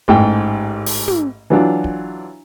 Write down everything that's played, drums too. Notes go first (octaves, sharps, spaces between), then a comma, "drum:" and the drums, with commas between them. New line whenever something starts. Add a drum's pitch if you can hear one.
A1 G#2 G5, drum: kick
drum: open hi-hat
drum: tom
E3 F#3 D4 F4
drum: kick